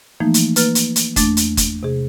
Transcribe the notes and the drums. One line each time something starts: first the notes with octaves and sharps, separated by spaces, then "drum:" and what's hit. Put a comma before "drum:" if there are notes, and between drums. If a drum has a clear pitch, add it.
E3 F3 A3 A#3 D#4
drum: hi-hat
A#3 B4 F6 A6, drum: hi-hat
drum: hi-hat
drum: hi-hat
E2 A3 D4 D6 A6, drum: kick F#1, hi-hat
drum: hi-hat
drum: kick F#1, hi-hat
C3 G#4